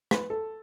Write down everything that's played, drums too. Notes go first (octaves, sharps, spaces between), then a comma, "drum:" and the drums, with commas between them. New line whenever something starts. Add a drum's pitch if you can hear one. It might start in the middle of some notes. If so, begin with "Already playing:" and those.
B4, drum: rim click
A4